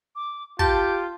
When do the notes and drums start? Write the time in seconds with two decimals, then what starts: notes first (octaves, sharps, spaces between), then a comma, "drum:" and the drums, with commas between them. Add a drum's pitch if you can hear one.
0.16 D6
0.59 F4 G4 A5 G6, drum: kick